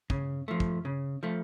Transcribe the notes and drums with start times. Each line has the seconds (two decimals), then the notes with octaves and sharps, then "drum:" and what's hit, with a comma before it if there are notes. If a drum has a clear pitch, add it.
0.10 C#3, drum: kick
0.48 F3 A3
0.60 drum: kick
0.85 C#3
1.23 F3 A3